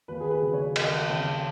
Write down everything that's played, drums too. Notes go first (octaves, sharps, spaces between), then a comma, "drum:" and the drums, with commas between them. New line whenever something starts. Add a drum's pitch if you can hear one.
D#2 B4
G#4
B4
C#3 F#3
C#5
D#2 D#5, drum: cymbal
C#3 F#3